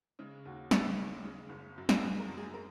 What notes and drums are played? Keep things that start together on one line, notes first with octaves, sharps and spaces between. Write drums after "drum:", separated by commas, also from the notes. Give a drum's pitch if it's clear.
C#3 G#3
D#2 F#4
C#3, drum: snare
G#3
D#2
C#3 G#3
F#1
F#2 F#3
drum: snare
F#1 G#4
A#4
F#2 F#3
G#4
A#4